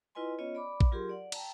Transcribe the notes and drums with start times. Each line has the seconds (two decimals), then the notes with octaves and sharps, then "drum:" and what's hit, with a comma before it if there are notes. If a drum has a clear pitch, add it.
0.15 E4 F4 B4 D#5 G#5 C6
0.39 B3 C#4 F4 C#5 D#5
0.55 D5 B5 D6
0.81 drum: kick A#1
0.92 F#3 F4 G4 G#4 A#4 C6
1.09 D5 F#5
1.32 G5 A5 A#5, drum: cymbal